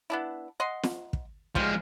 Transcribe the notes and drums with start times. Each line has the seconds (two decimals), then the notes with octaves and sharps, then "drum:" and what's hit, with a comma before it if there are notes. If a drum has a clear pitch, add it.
0.10 B3 D4 E4
0.60 D#5 F#5 C6
0.83 drum: snare
1.13 drum: kick
1.55 F3 G3 G#3 C5, drum: kick